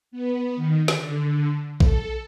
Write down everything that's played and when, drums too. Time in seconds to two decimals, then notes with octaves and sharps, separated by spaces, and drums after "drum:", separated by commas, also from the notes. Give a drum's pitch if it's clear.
0.11 B3
0.56 D#3
0.88 D3, drum: snare
1.80 A4, drum: kick A#1